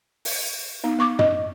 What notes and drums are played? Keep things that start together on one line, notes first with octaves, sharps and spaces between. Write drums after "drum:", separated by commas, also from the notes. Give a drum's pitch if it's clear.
drum: open hi-hat
B3 D#4
B3 C#6 D6
D#5, drum: tom